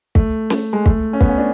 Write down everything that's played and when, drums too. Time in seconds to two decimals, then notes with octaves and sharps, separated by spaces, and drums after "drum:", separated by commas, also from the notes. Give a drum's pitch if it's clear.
0.15 A3, drum: kick
0.50 drum: snare
0.73 G#3
0.86 A3, drum: kick
1.13 C#4
1.20 B3, drum: kick
1.29 C#4
1.38 D4